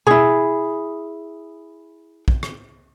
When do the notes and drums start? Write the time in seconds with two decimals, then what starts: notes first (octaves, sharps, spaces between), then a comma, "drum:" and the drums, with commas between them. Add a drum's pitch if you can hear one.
0.07 E4 G#4, drum: tom B2
2.28 drum: kick
2.43 drum: rim click